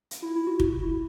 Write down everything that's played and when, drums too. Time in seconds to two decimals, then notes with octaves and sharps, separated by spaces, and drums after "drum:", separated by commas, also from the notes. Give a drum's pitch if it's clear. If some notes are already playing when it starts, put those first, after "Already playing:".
0.11 drum: hi-hat
0.22 E4
0.36 E4
0.47 F#4
0.60 E4, drum: kick
0.72 F#4
0.83 E4